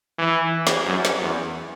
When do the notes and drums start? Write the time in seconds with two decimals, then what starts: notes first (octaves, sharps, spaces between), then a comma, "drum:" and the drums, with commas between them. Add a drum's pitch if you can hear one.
0.18 E3
0.67 drum: snare
0.86 F#2
1.05 drum: snare
1.21 E2